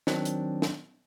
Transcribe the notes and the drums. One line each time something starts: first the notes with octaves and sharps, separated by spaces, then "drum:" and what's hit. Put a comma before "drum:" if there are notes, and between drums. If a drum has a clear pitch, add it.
D#3 F#3 C4 D4, drum: snare
drum: hi-hat
drum: snare